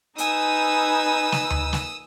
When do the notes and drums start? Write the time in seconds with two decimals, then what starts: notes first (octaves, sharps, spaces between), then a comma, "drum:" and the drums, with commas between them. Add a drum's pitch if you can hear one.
0.18 D#4 B4 G#5 D#6 E6, drum: hi-hat
1.32 drum: snare
1.50 drum: tom D2
1.73 drum: snare